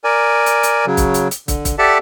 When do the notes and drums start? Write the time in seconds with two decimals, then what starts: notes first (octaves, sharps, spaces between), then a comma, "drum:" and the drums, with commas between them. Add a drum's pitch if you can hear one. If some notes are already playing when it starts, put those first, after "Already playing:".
0.04 A#4 D5 G#5
0.46 drum: hi-hat
0.63 drum: hi-hat
0.87 C#3 F#3
0.97 drum: kick, hi-hat
1.14 drum: hi-hat
1.31 drum: hi-hat
1.48 D3, drum: kick, hi-hat
1.65 drum: kick, hi-hat
1.78 G4 A4 D5 E5 F#5 A5